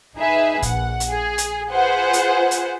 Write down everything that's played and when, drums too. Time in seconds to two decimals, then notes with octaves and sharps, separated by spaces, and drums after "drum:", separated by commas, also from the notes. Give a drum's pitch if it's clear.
0.18 D#4 G#4 B4 E5
0.62 A#1 F#5, drum: kick F1, hi-hat
1.00 drum: hi-hat
1.10 G#4
1.38 drum: hi-hat
1.71 F4 G#4 B4 C5 F#5
2.13 drum: hi-hat
2.51 drum: hi-hat